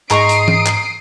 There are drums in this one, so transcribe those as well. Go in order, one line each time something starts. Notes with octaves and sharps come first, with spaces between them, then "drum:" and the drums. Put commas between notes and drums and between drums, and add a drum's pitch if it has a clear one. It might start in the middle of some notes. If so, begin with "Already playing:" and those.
G#2 G#3 A#5 C6 C#6 D#6 C7 D7, drum: clap
drum: hi-hat
drum: tom E3
drum: clap